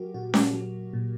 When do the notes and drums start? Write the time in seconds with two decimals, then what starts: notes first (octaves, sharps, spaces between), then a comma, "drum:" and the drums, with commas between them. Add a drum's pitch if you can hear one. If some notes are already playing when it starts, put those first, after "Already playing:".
Already playing: F#3 F#4 G4 A#4
0.14 A#2 F#4
0.34 drum: snare C#4
0.53 F#3
0.93 A#2